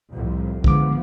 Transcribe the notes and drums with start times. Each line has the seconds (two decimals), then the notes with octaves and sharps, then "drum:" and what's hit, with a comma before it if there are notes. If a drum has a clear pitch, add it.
0.11 C2 F2 A2
0.64 D3 F3 G#3 B3 D6, drum: kick